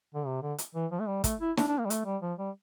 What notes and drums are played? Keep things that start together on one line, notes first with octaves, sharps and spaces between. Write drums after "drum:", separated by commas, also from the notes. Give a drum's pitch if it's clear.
D3
C3
D3
drum: hi-hat
E3
F3
A3
G3
A3, drum: kick, hi-hat
E4
D4, drum: snare
D4
A#3
G3
A3, drum: hi-hat
G3
F3
G3